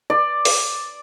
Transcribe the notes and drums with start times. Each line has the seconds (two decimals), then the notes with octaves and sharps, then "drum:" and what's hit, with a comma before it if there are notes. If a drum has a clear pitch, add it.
0.10 D5
0.45 drum: open hi-hat